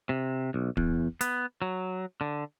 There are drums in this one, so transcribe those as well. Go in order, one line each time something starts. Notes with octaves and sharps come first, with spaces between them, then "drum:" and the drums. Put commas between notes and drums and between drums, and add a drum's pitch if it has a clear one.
C3
B1
E2, drum: kick D1
B3, drum: hi-hat
F#3
D3